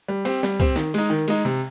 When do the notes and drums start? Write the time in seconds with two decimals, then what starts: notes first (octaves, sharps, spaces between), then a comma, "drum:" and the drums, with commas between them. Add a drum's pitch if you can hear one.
0.08 G3
0.25 C4 G4, drum: cymbal
0.43 G3, drum: snare
0.60 C4 G4, drum: kick C#2, cymbal
0.76 D#3, drum: snare
0.94 G#3 D#4, drum: cymbal
1.10 D#3
1.28 G#3 D#4, drum: cymbal
1.45 C3